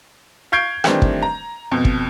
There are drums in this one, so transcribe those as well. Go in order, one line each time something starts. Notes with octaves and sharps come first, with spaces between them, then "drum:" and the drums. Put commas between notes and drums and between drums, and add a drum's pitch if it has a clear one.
F5 C#6 G6 G#6 C7 D7
D#3 E3 G3 A3 C4 D4, drum: rim click
drum: kick
A#5
F2 B2
drum: kick